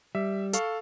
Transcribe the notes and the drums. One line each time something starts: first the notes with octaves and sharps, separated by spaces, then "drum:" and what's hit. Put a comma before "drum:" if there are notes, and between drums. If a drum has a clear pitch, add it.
G3 E5
A4 F5 C#6, drum: hi-hat